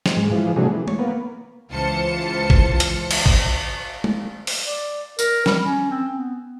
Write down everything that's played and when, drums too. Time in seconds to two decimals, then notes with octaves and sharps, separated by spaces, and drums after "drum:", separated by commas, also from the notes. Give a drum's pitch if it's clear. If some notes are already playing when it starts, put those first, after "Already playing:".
0.06 drum: snare
0.16 G#2 G#3
0.31 E3 F3 G#3
0.56 C3 F#3 G3 A3 D4 G#4
0.72 E3
0.88 C#5, drum: tom
0.99 A#3 B3
1.71 C#2 E3 F4 C5 A5 C#7
2.50 drum: kick G#1
2.80 drum: hi-hat
3.11 drum: cymbal
3.26 drum: kick G#1
4.04 drum: tom
4.47 drum: open hi-hat
4.66 D5
5.19 A#4, drum: tambourine
5.46 G3, drum: snare
5.62 C#4
5.91 C4
6.13 B3